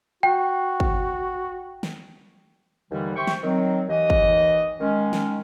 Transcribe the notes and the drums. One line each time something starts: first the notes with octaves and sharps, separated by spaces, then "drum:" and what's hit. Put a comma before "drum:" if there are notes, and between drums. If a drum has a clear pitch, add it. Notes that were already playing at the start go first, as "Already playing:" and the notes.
F#4 G5
drum: kick
drum: snare
D#2 D3 E3 G3
G4 C5 E5 G5 C#6
drum: snare
D#3 F#3 C4
D#2 E3 D#5
drum: kick
D#3 G#3 C#4
drum: snare